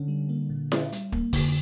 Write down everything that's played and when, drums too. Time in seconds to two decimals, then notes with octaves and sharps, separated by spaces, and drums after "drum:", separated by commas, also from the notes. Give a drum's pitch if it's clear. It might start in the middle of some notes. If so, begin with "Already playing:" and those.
Already playing: D3 C#4
0.08 G3
0.29 A#3
0.50 A#2
0.72 C#4, drum: snare E4
0.92 G3, drum: hi-hat
1.12 A#3, drum: kick
1.33 F2 D3, drum: kick, open hi-hat